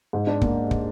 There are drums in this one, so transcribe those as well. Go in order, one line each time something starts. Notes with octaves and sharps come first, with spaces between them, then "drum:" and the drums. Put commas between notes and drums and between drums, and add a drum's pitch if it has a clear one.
G#2
D4
A#3, drum: kick
drum: kick